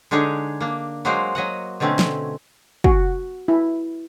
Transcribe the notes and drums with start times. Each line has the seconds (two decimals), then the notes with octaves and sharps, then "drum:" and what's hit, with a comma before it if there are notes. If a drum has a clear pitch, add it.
0.11 D3 G#3 D4 D#4 G#4 C#5
0.61 A#3 D4
1.05 F#3 G#3 A#3 F#4 A#4 C5
1.35 F#3 D#5 F#5
1.80 B2 D3 A3 C4 C#4
1.99 drum: snare
2.84 F#4, drum: kick
3.48 E4